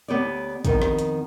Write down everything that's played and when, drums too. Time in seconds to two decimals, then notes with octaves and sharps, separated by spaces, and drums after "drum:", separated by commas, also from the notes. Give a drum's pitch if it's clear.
0.08 D2 B3 G4 C#5 D5
0.65 F2 D#3 B3 D#4, drum: kick, hi-hat
0.82 drum: snare
0.99 drum: hi-hat